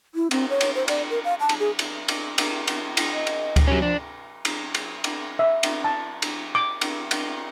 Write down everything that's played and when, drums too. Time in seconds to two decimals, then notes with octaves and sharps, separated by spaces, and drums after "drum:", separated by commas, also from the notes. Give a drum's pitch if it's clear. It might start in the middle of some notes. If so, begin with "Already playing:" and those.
0.15 E4
0.31 C4, drum: cymbal
0.49 C#5
0.61 drum: cymbal
0.75 C5
0.88 D5, drum: cymbal
1.10 A#4
1.24 F5
1.40 A5
1.49 drum: cymbal
1.59 G#4
1.79 drum: cymbal
2.08 drum: cymbal
2.38 drum: cymbal
2.68 drum: cymbal
2.97 drum: cymbal
3.13 D#5
3.27 drum: cymbal
3.56 drum: kick D2, cymbal
3.67 F#3 C#4 G4
3.82 F3 D4
4.45 drum: cymbal
4.74 drum: cymbal
5.04 drum: cymbal
5.39 E5
5.63 drum: cymbal
5.84 A5
6.22 drum: cymbal
6.55 D6
6.81 drum: cymbal
7.11 drum: cymbal